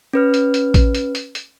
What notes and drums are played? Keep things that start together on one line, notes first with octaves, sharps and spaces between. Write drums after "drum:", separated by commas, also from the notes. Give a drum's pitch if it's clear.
C#4 B4 F6
drum: hi-hat
drum: hi-hat
drum: kick A1, hi-hat
drum: hi-hat
drum: hi-hat
drum: hi-hat